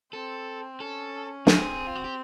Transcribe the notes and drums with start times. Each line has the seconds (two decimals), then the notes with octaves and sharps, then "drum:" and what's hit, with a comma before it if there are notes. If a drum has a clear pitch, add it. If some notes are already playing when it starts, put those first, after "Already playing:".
0.13 C4 A4
0.80 C#4 A4
1.47 C4 G#4, drum: snare
1.87 F4
1.95 F#4
2.04 G4